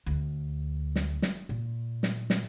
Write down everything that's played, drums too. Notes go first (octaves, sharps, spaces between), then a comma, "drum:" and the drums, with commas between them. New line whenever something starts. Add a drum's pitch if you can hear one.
D2
drum: snare
drum: snare
A#2
drum: snare
drum: snare